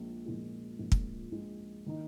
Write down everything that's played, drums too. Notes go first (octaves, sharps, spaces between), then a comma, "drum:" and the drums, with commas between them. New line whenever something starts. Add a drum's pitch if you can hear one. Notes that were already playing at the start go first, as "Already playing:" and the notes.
Already playing: A#1 A#2 F3 G#3
A#1 A#2 F3 G#3
A#1 A#2 F3 G#3
drum: kick
A#1 A#2 F3 G#3
D#3 A#3 D#4